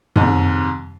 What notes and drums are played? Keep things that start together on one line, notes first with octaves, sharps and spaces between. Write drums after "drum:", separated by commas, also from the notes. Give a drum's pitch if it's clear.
D#2 G#2 C3, drum: tom